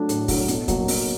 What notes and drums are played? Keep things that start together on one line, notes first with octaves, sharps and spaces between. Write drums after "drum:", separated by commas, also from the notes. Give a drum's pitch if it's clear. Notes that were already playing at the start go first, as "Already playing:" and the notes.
Already playing: F#3 A3 D4
A2, drum: hi-hat
F#3 A3 D4, drum: kick, open hi-hat
B2, drum: hi-hat
F#3 A#3, drum: kick, hi-hat
B2, drum: open hi-hat